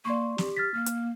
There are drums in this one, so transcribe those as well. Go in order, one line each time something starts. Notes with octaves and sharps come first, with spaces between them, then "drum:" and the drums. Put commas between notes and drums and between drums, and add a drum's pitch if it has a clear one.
A#3 D5 C6 C#6
G4, drum: snare
F6 A6 B6
A#3 F6
drum: hi-hat